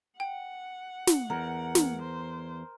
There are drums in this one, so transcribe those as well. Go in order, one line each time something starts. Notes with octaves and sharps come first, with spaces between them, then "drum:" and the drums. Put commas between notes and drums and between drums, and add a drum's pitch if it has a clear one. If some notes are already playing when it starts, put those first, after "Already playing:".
F#5 G5
drum: snare
E2 A#4
drum: snare
C5